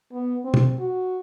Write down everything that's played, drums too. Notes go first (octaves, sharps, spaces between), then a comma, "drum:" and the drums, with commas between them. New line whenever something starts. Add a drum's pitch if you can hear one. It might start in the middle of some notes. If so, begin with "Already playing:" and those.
B3
C4
drum: tom
F#4